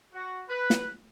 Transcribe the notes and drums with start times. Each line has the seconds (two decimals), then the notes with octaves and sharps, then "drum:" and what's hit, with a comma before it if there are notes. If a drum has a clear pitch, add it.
0.13 F#4
0.48 B4
0.70 drum: snare